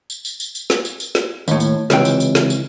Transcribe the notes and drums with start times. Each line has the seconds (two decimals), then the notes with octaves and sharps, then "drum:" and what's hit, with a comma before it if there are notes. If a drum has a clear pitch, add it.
0.10 drum: tambourine
0.25 drum: tambourine
0.40 drum: tambourine
0.55 drum: tambourine
0.70 drum: snare
0.85 drum: tambourine
1.00 drum: tambourine
1.15 drum: snare
1.48 D#2 A2, drum: tambourine
1.60 drum: tambourine
1.90 C#2 C3 E3 G5, drum: snare
2.05 drum: tambourine
2.20 drum: tambourine
2.35 drum: snare
2.50 drum: tambourine